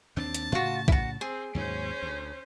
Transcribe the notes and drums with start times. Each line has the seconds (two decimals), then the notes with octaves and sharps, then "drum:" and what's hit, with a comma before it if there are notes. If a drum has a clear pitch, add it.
0.17 D#2 C4 D4 A5
0.35 drum: hi-hat
0.52 A2 C#3 F4 F#4
0.88 E4 F#4, drum: kick
1.21 C4 G#4
1.55 D#2 G#2 F#3 C#4 C5
2.02 D2